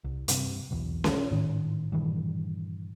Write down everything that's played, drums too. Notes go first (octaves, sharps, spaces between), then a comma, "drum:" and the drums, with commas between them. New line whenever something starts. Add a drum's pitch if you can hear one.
C2
G2 C3, drum: hi-hat
B1 E2
drum: snare C#4
G#1 A2 D#3
G2 A#2 D#3 E3